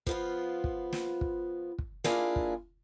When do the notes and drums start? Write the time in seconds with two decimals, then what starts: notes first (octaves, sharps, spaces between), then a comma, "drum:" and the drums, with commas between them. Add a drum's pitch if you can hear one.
0.07 F3 B3 F4, drum: kick
0.64 drum: kick
0.93 drum: snare
1.21 drum: kick
1.78 drum: kick
2.04 A#3 D4 E4 F4 G#4, drum: snare
2.36 drum: kick